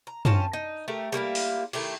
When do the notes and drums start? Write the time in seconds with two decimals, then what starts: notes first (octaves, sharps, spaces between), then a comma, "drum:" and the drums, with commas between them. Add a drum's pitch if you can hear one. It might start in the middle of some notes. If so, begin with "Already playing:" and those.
0.07 A#5
0.25 C4 C#4 F4 A5, drum: tom
0.53 D#4
0.88 A3 G4 A#4
1.12 G3 A#3 E4 F4
1.35 drum: open hi-hat
1.73 D#3 A3 E4 G4, drum: cymbal